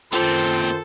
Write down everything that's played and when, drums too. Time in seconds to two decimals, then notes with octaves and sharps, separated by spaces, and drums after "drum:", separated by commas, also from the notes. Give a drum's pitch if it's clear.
0.13 F#2 A#2 D#3 C4 F4 A4 C5, drum: hi-hat